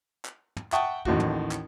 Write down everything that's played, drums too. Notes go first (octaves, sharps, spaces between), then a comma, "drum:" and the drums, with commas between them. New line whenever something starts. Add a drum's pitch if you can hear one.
drum: clap
drum: tom
E5 F#5 G5 A5 C#6 D#6, drum: clap
A1 D#2 A2 F#4, drum: kick
drum: tom
drum: clap